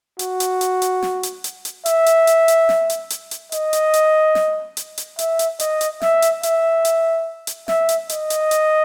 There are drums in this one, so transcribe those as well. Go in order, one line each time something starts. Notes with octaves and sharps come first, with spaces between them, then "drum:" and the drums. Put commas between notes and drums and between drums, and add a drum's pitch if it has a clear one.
F#4, drum: hi-hat
drum: hi-hat
drum: hi-hat
drum: hi-hat
drum: snare
drum: hi-hat
drum: hi-hat
drum: hi-hat
E5, drum: hi-hat
drum: hi-hat
drum: hi-hat
drum: hi-hat
drum: snare
drum: hi-hat
drum: hi-hat
drum: hi-hat
D#5, drum: hi-hat
drum: hi-hat
drum: hi-hat
drum: snare
drum: hi-hat
drum: hi-hat
E5, drum: hi-hat
drum: hi-hat
D#5, drum: hi-hat
drum: hi-hat
E5, drum: snare
drum: hi-hat
E5, drum: hi-hat
drum: hi-hat
drum: hi-hat
E5, drum: snare
drum: hi-hat
D#5, drum: hi-hat
drum: hi-hat
drum: hi-hat